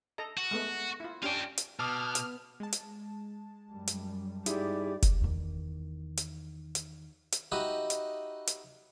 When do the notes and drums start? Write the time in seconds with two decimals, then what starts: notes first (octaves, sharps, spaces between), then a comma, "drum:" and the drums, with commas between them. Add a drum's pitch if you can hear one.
0.18 A4 D#5 A#5
0.37 F#4
0.51 G#3 A3 B3
1.00 E4 F4
1.23 C#4 D4 F4 G4 G5
1.58 drum: hi-hat
1.80 B2 B3 A5 D6 D#6 F6
2.15 drum: hi-hat
2.60 G#3 A5
2.72 drum: hi-hat
3.71 F#2 G3
3.87 drum: hi-hat
4.46 G2 D#4 E4 G4 G#4 D5, drum: hi-hat
5.02 drum: kick F1, hi-hat
5.21 E2 D#3
6.17 drum: hi-hat
6.75 drum: hi-hat
7.32 drum: hi-hat
7.52 D#4 F#4 G4 B4 D#5 E5
7.90 drum: hi-hat
8.47 drum: hi-hat